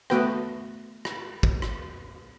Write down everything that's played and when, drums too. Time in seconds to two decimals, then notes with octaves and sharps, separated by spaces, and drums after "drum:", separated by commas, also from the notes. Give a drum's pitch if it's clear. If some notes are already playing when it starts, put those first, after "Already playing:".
0.10 A3 B3 F#4 B4 G5, drum: rim click
1.05 drum: rim click
1.43 drum: kick
1.62 drum: rim click